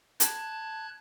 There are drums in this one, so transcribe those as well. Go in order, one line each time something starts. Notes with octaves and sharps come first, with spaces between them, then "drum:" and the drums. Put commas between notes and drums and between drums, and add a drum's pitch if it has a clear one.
A5 F#6 G#6, drum: hi-hat